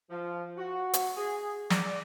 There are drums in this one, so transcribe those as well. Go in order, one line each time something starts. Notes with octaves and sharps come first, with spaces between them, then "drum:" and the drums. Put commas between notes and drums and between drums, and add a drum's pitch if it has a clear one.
F3
F#4
drum: hi-hat
G#4
D5, drum: snare